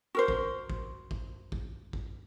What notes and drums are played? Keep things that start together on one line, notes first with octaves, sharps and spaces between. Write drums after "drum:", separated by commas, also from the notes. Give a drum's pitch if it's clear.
F#4 A#4 C5
drum: kick
drum: kick
drum: kick
drum: kick
drum: kick